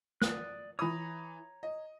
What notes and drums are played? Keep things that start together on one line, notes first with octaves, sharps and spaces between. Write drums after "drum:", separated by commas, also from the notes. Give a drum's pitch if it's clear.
D5 D#6 F#6, drum: snare
E3 C#5 A#5 B5 D#6
D#5